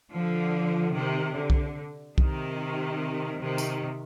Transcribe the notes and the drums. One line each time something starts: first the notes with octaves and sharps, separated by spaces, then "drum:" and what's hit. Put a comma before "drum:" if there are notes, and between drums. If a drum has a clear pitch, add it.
D3 F3
C3 D#3
D3
drum: kick B1
C3 D#3, drum: kick B1
C3 D#3
drum: tambourine